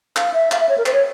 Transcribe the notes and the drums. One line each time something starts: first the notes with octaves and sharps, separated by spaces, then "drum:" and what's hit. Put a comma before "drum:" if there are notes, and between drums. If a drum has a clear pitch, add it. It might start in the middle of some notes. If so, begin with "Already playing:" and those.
F5, drum: clap
E5
F5, drum: clap
E5
C#5
A#4
C5, drum: clap
C#5